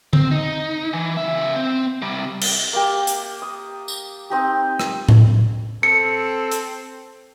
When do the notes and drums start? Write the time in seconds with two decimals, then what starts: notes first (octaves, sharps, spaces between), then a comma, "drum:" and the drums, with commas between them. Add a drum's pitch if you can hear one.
0.13 C4, drum: tom D3
0.31 D#4
0.93 E3
1.17 C#3 E5
1.56 C4
2.02 C3 G3
2.41 drum: cymbal
2.73 A#3 G4
3.07 drum: hi-hat
3.42 D#6
3.88 drum: tambourine
4.30 C4 D#4 G4
4.80 drum: rim click
5.09 drum: tom A2
5.83 C4 A4 C#7
6.52 drum: hi-hat